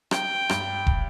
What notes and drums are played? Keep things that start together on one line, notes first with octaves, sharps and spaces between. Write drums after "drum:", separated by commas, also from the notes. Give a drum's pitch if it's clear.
G5, drum: rim click
G2, drum: rim click
drum: kick E1